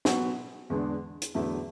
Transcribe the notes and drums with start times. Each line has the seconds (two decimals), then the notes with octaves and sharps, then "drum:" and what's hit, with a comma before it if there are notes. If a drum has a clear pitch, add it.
0.05 B2 F#3 B3 F#4, drum: snare
0.70 E2 D3 G#3 D4
1.22 drum: hi-hat
1.34 E2 D3 F#3 A3 E4